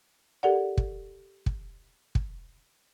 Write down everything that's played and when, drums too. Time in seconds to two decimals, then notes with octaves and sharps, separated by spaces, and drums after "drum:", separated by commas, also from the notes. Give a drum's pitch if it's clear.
0.43 G4 A4 A#4 D5 F#5
0.77 drum: kick
1.46 drum: kick
2.15 drum: kick